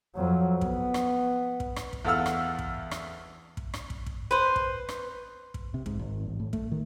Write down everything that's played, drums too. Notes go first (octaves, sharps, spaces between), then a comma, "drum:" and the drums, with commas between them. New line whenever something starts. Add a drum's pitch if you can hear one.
F2 F#3
B3, drum: kick
drum: rim click
drum: kick
drum: rim click
drum: kick
E2 A4 F5 F#5 E6 F6
drum: rim click
drum: kick
drum: rim click
drum: kick
drum: rim click
drum: kick
drum: kick
B4 C5
drum: kick
drum: rim click
drum: kick
C3
G#2, drum: kick
G#1
A1
A2
A3, drum: kick
D#3